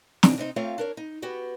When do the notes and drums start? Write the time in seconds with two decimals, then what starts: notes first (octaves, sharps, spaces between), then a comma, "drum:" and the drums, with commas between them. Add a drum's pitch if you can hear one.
0.23 C3 E3 F#3 D4 D#4 A4, drum: snare
0.38 C3 C4 D#4 A#5
0.56 A3 C4 F4 C#5 E5 F5
0.78 D4 A#4 C#5
0.97 D#4
1.22 B3 F#4 G4